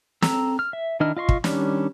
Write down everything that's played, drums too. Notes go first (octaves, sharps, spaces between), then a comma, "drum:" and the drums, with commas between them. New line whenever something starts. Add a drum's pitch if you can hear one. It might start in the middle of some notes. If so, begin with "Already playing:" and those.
C4 A4 A#5 E6, drum: snare
F6
E5
D#3 D4 E4 D#5 F6
F4 D#5 C6 C#6
drum: kick
D#3 G3 C#4 D4, drum: snare